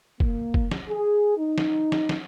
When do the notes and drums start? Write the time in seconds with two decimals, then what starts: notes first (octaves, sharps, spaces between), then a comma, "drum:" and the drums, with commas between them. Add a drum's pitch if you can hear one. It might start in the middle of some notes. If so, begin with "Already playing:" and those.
0.20 A#3, drum: kick F#1
0.54 drum: kick F#1
0.71 drum: snare
0.89 G#4
1.37 D#4
1.58 drum: snare
1.92 drum: snare
2.09 drum: snare